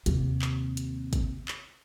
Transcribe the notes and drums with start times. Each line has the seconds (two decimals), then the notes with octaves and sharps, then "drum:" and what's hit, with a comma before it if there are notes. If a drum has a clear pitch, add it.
0.06 D#2 C3, drum: hi-hat
0.42 drum: clap
0.77 drum: hi-hat
1.13 drum: kick, hi-hat
1.48 drum: clap